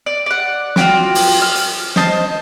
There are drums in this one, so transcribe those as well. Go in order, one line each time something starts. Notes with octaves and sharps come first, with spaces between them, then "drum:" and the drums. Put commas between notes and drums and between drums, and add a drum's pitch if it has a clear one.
D5
D5 F#5
F4 F#4 G5 D6, drum: snare
drum: open hi-hat
F6
drum: hi-hat
C5 D#5 A5, drum: snare